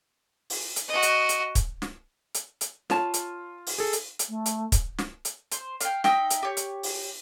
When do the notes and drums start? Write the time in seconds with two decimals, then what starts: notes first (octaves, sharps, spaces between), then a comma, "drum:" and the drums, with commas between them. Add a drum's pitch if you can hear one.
0.50 drum: open hi-hat
0.76 drum: hi-hat
0.88 F#4 D#5
1.03 drum: hi-hat
1.29 drum: hi-hat
1.55 drum: kick, hi-hat
1.82 drum: snare
2.35 drum: hi-hat
2.61 drum: hi-hat
2.90 F4 C#5 A5, drum: snare
3.14 drum: hi-hat
3.67 drum: open hi-hat
3.78 G#4 A4
3.93 drum: hi-hat
4.19 drum: hi-hat
4.29 A3
4.46 drum: hi-hat
4.72 drum: kick, hi-hat
4.98 drum: snare
5.25 drum: hi-hat
5.52 C5, drum: hi-hat
5.80 F5 G5, drum: hi-hat
6.04 D#4 D#5 E5 G5, drum: snare
6.30 drum: hi-hat
6.43 G4 C#5
6.57 drum: hi-hat
6.83 drum: open hi-hat